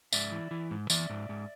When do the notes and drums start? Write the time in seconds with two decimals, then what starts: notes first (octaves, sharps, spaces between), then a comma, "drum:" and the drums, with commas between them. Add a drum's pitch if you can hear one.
0.13 G#2 D5 E5, drum: tambourine
0.32 E3
0.51 E3
0.71 G#2
0.90 E3 D5 E5, drum: tambourine
1.10 G#2
1.29 G#2